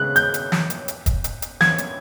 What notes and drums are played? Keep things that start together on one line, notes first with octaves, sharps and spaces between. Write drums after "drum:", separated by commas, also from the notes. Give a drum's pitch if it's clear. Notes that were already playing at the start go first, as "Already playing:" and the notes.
Already playing: C#3 G#3 F#6
G6, drum: hi-hat
drum: hi-hat
drum: snare
drum: hi-hat
drum: hi-hat
drum: kick, hi-hat
drum: hi-hat
drum: hi-hat
G#6, drum: snare
drum: hi-hat